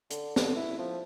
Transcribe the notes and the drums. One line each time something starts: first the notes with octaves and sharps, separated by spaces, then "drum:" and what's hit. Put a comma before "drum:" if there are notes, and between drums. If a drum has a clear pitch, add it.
D3, drum: hi-hat
D3, drum: snare
E4
F3